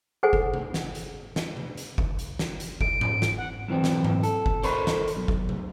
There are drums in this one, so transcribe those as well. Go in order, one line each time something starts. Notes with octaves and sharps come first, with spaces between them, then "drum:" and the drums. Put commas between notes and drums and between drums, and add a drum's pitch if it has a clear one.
G#4 A4 C5 F#5 G#5
drum: kick F#1
drum: tom C3
drum: snare
drum: hi-hat
drum: snare
drum: tom C3
drum: hi-hat
drum: kick F#1
drum: hi-hat
drum: snare
drum: hi-hat
D7, drum: kick F#1
drum: tom G#2
drum: snare
F#5
B1 E3 C4
drum: snare
drum: tom G#2
A4, drum: hi-hat
drum: kick F#1
A4 A#4 C5 C#5 B5, drum: hi-hat
drum: snare
drum: hi-hat
B1
drum: kick F#1
drum: tom C3